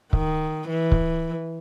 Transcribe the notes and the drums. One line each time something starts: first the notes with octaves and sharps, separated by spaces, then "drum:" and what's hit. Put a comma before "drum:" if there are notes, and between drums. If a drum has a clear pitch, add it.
D#3, drum: kick C#1
E3
drum: kick C#1